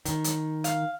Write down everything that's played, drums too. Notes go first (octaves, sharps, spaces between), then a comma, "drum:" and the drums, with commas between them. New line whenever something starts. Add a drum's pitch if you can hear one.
D#3, drum: hi-hat
drum: hi-hat
F5, drum: hi-hat